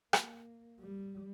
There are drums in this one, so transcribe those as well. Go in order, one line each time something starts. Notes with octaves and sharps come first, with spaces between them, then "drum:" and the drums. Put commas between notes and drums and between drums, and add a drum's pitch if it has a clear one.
A#3, drum: rim click
G3